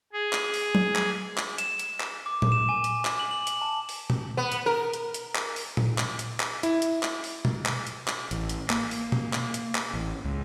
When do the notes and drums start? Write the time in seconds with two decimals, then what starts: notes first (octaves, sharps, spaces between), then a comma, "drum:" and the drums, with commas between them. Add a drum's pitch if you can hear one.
0.13 G#4
0.33 drum: clap
0.54 drum: open hi-hat
0.75 drum: tom F#3
0.96 drum: clap
1.37 drum: clap
1.58 E7, drum: hi-hat
1.79 drum: hi-hat
2.00 drum: clap
2.26 D6
2.42 drum: tom A#2
2.52 E7
2.69 G#5
2.84 drum: hi-hat
3.05 drum: clap
3.20 F#7
3.31 F#7
3.47 drum: hi-hat
3.62 A5
3.89 drum: open hi-hat
4.10 drum: tom B2
4.37 B3
4.52 drum: hi-hat
4.66 A#4
4.93 drum: hi-hat
5.14 drum: hi-hat
5.35 drum: clap
5.56 drum: open hi-hat
5.77 drum: tom A#2
5.98 drum: clap
6.19 drum: hi-hat
6.40 drum: clap
6.63 E4, drum: hi-hat
6.82 drum: hi-hat
7.03 drum: clap
7.24 drum: open hi-hat
7.45 drum: tom B2
7.66 drum: clap
7.87 drum: hi-hat
8.08 drum: clap
8.31 A1, drum: hi-hat
8.49 drum: hi-hat
8.70 A#3, drum: clap
8.91 drum: open hi-hat
9.12 drum: tom B2
9.33 drum: clap
9.54 drum: hi-hat
9.75 drum: clap
9.94 A1
10.24 C#2